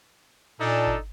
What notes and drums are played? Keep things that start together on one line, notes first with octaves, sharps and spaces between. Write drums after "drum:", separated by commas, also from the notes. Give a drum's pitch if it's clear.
A#2 D4 D#4 A4
drum: kick G1